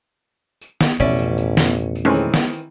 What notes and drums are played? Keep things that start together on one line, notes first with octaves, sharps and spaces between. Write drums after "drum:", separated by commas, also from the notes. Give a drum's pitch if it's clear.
drum: tambourine
drum: snare
A1 F2 B2 C#4 D5 E5, drum: tambourine
drum: tambourine
drum: tambourine
drum: snare
drum: tambourine
drum: tambourine
D#3 E3 G#3 A3 C4 C#4
drum: tambourine
drum: snare
drum: tambourine